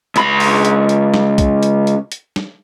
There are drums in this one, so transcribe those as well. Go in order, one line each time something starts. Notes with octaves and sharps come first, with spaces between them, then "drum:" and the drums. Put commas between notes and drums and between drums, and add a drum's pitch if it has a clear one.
C#2 B5, drum: hi-hat
drum: open hi-hat
drum: hi-hat
drum: hi-hat
drum: snare
drum: kick, hi-hat
drum: hi-hat
drum: hi-hat
drum: hi-hat
drum: snare